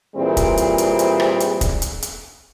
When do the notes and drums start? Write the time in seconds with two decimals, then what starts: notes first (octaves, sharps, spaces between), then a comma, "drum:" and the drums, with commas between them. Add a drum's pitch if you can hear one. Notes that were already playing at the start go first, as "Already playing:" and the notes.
0.16 A#2 E3 G3 C4 G#4
0.37 drum: kick, hi-hat
0.57 drum: hi-hat
0.78 drum: hi-hat
0.99 drum: hi-hat
1.20 drum: rim click
1.40 drum: hi-hat
1.61 drum: kick, hi-hat
1.82 drum: hi-hat
2.02 drum: hi-hat